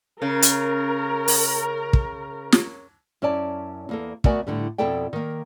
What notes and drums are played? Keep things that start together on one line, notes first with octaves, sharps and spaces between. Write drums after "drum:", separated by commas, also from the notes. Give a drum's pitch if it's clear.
C#3 A#4
drum: hi-hat
drum: open hi-hat
drum: kick
drum: snare
F#2 C#4 E4 D5 A5
E2 A#3 A4
A3 B3 F#4 A#4 D5 G#5, drum: kick
A2 D3 G3
F2 B2 E4 A4 D5 G5
D#3 A#3